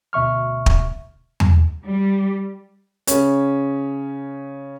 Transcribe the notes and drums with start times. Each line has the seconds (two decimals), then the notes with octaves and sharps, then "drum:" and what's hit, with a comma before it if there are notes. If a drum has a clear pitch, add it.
0.13 D2 B2 E5 C#6 F6
0.66 drum: kick
1.40 drum: tom E2
1.85 G3
3.07 C#3 C#4, drum: hi-hat